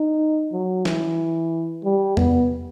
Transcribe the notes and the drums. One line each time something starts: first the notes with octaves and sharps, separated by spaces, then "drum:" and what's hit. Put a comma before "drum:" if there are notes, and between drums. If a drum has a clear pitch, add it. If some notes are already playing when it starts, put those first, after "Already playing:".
Already playing: D#4
F#3
E3, drum: snare
G3
B3, drum: tom E2